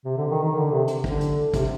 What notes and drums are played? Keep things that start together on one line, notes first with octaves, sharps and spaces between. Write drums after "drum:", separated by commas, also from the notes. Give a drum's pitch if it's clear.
C3
D3
D#3
D#3
D3
C3
drum: hi-hat
D3, drum: kick
drum: hi-hat
C3, drum: kick, hi-hat